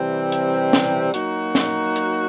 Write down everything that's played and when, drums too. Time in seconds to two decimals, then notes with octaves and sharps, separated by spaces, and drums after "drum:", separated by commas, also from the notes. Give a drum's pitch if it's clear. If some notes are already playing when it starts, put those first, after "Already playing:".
Already playing: C3 E3 G3 C4
0.32 drum: hi-hat
0.73 drum: snare
1.14 F#3 A#3 D#4 F#4, drum: hi-hat
1.55 drum: snare
1.96 drum: hi-hat